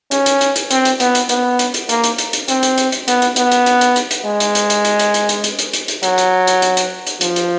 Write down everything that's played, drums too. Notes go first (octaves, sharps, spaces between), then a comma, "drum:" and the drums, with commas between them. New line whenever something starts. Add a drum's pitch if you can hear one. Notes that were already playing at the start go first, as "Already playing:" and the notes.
C#4, drum: hi-hat
drum: hi-hat
drum: hi-hat
drum: hi-hat
C4, drum: hi-hat
drum: hi-hat
B3, drum: hi-hat
drum: hi-hat
B3, drum: hi-hat
drum: hi-hat
drum: hi-hat
A#3, drum: hi-hat
drum: hi-hat
drum: hi-hat
drum: hi-hat
C4, drum: hi-hat
drum: hi-hat
drum: hi-hat
drum: hi-hat
B3, drum: hi-hat
drum: hi-hat
B3, drum: hi-hat
drum: hi-hat
drum: hi-hat
drum: hi-hat
drum: hi-hat
drum: hi-hat
G#3
drum: hi-hat
drum: hi-hat
drum: hi-hat
drum: hi-hat
drum: hi-hat
drum: hi-hat
drum: hi-hat
drum: hi-hat
drum: hi-hat
drum: hi-hat
drum: hi-hat
F#3, drum: hi-hat
drum: hi-hat
drum: hi-hat
drum: hi-hat
drum: hi-hat
drum: hi-hat
F3, drum: hi-hat
drum: hi-hat